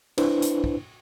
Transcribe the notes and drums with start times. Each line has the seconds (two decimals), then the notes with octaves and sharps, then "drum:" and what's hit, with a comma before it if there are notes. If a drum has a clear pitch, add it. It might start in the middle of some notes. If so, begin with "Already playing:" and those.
0.18 D4 E4 B4 C5, drum: cymbal
0.42 drum: hi-hat
0.64 drum: kick